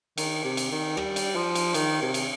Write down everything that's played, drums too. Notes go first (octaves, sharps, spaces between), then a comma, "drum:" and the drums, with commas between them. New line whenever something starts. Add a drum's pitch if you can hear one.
D#3, drum: cymbal
C3
drum: cymbal
D#3
G3, drum: rim click
drum: cymbal
F3
drum: cymbal
D#3, drum: cymbal
C3
drum: cymbal